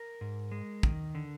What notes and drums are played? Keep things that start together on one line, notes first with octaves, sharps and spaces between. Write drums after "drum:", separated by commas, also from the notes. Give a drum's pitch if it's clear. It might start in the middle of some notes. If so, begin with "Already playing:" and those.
Already playing: A#4
G#2
G#3
D#3, drum: kick
D3